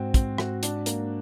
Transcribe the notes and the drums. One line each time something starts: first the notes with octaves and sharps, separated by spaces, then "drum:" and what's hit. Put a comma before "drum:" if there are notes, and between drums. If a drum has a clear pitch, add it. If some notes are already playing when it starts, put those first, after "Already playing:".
Already playing: G#2 C4 F#4
C4, drum: kick, hi-hat
F#4, drum: rim click
D4, drum: hi-hat
A#3, drum: hi-hat